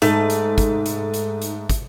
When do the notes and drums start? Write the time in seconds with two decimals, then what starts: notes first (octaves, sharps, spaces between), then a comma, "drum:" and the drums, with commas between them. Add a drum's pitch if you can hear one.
0.02 G#2 A3 D#4 A4, drum: hi-hat
0.30 drum: hi-hat
0.58 drum: kick, hi-hat
0.86 drum: hi-hat
1.14 drum: hi-hat
1.42 drum: hi-hat
1.70 drum: kick, hi-hat